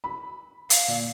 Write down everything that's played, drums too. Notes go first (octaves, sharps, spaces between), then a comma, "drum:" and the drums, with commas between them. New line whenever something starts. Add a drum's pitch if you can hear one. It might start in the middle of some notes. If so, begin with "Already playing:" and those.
B5
F5, drum: hi-hat
A#2